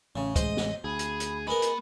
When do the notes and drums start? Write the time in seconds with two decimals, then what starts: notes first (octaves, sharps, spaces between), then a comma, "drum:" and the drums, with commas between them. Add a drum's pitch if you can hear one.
0.16 A1 C#3 C#4
0.36 G#3 C5 D#5, drum: kick, hi-hat
0.57 drum: snare
0.84 D2 G#4 B5
0.99 drum: hi-hat
1.20 drum: hi-hat
1.47 G#3 A#3 A#4 B4 B5
1.62 drum: hi-hat